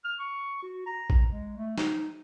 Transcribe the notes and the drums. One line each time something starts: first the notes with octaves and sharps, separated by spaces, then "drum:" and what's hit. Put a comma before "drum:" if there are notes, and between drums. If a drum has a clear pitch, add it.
F6
C#6
F#4
A#5
drum: kick A#1
G#3
A3
D#4, drum: snare